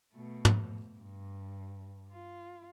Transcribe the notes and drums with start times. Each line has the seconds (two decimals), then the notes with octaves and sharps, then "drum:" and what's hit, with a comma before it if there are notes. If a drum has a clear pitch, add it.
0.13 B2 A3
0.45 drum: tom
0.98 G2
2.11 F4